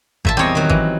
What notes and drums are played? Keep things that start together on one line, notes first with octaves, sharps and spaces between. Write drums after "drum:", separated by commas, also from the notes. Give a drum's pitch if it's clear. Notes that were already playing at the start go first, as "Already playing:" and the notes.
A#2 E5 A5, drum: kick G#1
E2 G3 C4 C#5 D#5
D#3 F#3
E3, drum: kick G#1